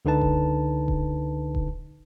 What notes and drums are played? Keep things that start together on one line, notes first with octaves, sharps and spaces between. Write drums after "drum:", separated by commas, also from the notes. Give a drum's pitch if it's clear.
C#2 D3 D#4 B4 A5
drum: kick D#1
drum: kick D#1
drum: kick D#1